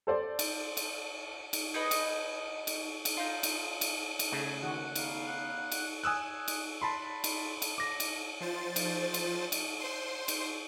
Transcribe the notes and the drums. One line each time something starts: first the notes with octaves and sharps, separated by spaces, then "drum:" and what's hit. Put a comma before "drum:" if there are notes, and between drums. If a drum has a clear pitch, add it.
A4 C5 D5
drum: cymbal
drum: cymbal
drum: cymbal
D#4 G#4 B4 D#5
drum: cymbal
drum: cymbal
drum: cymbal
D#4 F4
drum: cymbal
drum: cymbal
drum: cymbal
C#3 A3 G#4
D#3 F#4 G#4 F#5
B3 D#4 F5, drum: cymbal
F#5
drum: cymbal
G#5 D#6 E6 F#6
drum: cymbal
A5 B5 C6
drum: cymbal
drum: cymbal
D6 A#6
drum: cymbal
F3 C5 A6
drum: cymbal
drum: cymbal
drum: cymbal
C5 C6
drum: cymbal